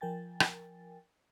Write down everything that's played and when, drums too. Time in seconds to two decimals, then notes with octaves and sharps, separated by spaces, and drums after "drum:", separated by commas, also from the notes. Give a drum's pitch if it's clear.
0.01 F3 A#4 G5 G#5 A6
0.40 drum: rim click